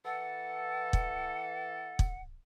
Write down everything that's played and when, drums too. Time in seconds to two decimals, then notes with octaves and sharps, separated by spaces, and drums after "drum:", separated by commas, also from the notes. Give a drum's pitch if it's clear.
0.05 E3 A4 F#5
0.93 drum: kick
1.99 drum: kick